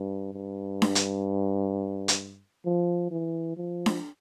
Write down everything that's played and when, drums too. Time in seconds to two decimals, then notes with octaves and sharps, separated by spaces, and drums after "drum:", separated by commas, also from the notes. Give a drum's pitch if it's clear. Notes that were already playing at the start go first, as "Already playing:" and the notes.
Already playing: G2
0.33 G2
0.82 drum: snare D4
0.95 drum: hi-hat
2.08 drum: hi-hat
2.65 F3
3.11 E3
3.57 F3
3.86 drum: snare D4